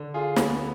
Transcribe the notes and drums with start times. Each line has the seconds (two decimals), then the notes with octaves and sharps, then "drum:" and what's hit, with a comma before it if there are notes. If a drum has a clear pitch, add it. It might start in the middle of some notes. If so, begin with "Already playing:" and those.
Already playing: D3
0.14 F4 G#4
0.36 D2 B3, drum: snare
0.54 B3